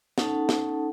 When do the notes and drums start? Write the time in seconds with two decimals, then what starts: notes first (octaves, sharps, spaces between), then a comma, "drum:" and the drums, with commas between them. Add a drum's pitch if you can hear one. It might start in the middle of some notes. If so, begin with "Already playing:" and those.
0.18 C#4 D#4 A4 F#5 A5, drum: snare
0.49 drum: snare